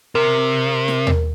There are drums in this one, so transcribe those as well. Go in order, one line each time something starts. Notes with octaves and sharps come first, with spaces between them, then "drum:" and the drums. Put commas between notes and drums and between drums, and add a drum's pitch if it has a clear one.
C3 A#4
drum: snare
drum: tom D#2